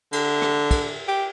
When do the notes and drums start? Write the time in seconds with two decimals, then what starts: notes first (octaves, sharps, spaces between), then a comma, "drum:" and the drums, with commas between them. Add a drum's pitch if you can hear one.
0.13 D3, drum: cymbal
0.42 drum: rim click
0.71 drum: kick, cymbal
1.08 G4